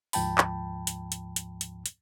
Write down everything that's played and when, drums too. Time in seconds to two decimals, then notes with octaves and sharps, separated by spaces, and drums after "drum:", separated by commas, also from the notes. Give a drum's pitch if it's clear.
0.13 D2 G#2 F3 G5 A5 B5, drum: open hi-hat
0.38 drum: clap
0.87 drum: hi-hat
1.12 drum: hi-hat
1.36 drum: hi-hat
1.61 drum: hi-hat
1.86 drum: hi-hat